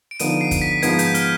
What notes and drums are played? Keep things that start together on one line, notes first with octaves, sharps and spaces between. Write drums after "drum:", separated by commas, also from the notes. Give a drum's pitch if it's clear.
D7
D3 F3 B3 D#4 D#7, drum: hi-hat
C7
drum: kick, hi-hat
B6
G#2 F3 B3 D#4 G#6, drum: hi-hat
G#6
G6, drum: hi-hat
F6, drum: hi-hat